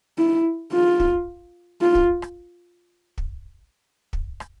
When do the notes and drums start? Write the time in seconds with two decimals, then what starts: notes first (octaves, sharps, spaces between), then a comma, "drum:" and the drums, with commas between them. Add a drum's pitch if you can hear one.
0.18 E4
0.73 F4
1.00 drum: kick
1.82 F4
1.95 drum: kick
2.22 drum: rim click
3.18 drum: kick
4.13 drum: kick
4.40 drum: rim click